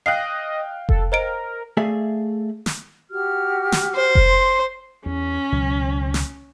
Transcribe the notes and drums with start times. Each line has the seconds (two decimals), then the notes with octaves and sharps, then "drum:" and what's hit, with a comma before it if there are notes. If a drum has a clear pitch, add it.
0.06 D#5 F5 G5 F#6 C7
0.89 A4, drum: kick F1
1.12 A#4 C5 D#5 D7
1.77 A3 G#4 D5 E5 F5
2.66 drum: snare
3.10 F#4 G4 F6
3.72 drum: snare
3.95 C5
4.15 drum: kick F1
4.30 C6
5.06 E2 C#4
5.52 C#2 B2 F#3
6.14 drum: snare